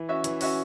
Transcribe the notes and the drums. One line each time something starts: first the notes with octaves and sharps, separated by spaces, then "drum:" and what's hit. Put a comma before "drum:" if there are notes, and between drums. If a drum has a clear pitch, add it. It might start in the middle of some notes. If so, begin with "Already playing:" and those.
Already playing: E3
C#4 F#4 E5
E3, drum: hi-hat
C#4 F#4 E5, drum: open hi-hat